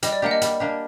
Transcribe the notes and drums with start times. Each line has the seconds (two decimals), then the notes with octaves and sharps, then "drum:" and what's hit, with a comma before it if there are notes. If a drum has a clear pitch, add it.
0.03 G3 D#5, drum: hi-hat
0.12 D5
0.22 A#3 D4 G4 F#5
0.31 D#5
0.42 G3, drum: hi-hat
0.60 A#3 D4 G4